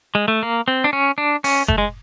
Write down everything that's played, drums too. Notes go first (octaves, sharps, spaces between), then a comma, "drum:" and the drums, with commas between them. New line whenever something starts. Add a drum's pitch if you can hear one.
G#3
A3
A#3
C4
D4
C#4
D4
C#4, drum: open hi-hat
A3, drum: kick F#1
G#3